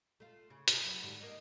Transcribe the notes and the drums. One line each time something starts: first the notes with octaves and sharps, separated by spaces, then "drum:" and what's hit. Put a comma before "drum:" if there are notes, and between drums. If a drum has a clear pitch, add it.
A3 F4
C#3
C3 E4 G#4, drum: hi-hat
F#2
G#2 D3 G3
A#3 D#5